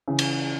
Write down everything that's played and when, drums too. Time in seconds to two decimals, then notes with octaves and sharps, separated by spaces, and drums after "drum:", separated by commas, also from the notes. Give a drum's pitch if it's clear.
0.08 C#3 E3
0.19 drum: cymbal